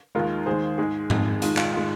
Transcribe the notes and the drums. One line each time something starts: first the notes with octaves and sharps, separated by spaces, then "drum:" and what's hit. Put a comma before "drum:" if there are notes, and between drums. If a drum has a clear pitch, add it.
D#2 D#3 G#3 F4 A#4
D#2 D#3 G#3 G#4 C5
G#2 G#3 G#4
F2 D#3 G#3, drum: tom G#2
G#2 D#3 G#3 F4, drum: hi-hat
F4, drum: clap
D#3 G#3 F4